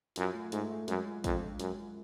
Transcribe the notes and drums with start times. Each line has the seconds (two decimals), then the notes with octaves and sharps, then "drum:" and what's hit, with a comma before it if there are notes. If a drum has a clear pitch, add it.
0.16 F#2 F4, drum: hi-hat
0.35 A3
0.52 G#2 A3, drum: hi-hat
0.70 A3
0.88 F#2 G#3, drum: hi-hat
1.06 F4
1.24 F2 G#3, drum: kick, hi-hat
1.41 D4
1.60 F#2 G#3, drum: hi-hat
1.78 F4